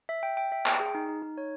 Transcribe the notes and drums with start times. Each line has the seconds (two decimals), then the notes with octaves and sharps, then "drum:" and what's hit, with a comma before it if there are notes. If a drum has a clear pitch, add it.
0.09 E5
0.23 G5
0.37 G5
0.52 E5
0.66 G5, drum: clap
0.80 G#4
0.95 D#4
1.09 D#4
1.22 D#4
1.38 C#5